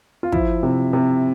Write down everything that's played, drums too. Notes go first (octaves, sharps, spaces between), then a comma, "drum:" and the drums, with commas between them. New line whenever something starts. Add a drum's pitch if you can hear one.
F4
F3 E4, drum: kick
C3
C3